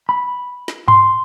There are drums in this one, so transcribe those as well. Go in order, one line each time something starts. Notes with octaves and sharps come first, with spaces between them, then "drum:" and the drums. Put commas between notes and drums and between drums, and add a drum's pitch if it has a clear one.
B5
drum: snare
C6, drum: tom G2